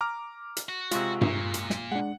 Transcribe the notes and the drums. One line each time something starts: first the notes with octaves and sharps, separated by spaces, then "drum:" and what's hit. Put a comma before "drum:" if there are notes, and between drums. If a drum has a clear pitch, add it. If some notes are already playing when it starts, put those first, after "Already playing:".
A#5 D6 F6
drum: hi-hat
F#4
C3 G#3 F4 C#6 E6, drum: hi-hat
A#2, drum: tom G2
drum: hi-hat
drum: snare
G#3 D4 F#5